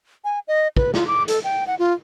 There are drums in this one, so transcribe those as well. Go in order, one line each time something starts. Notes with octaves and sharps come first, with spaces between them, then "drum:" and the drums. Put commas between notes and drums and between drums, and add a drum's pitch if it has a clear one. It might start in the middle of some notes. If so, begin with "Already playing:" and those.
G#5
D#5
B4, drum: kick
F4, drum: snare
D6
A4, drum: hi-hat
G5
F#5
F4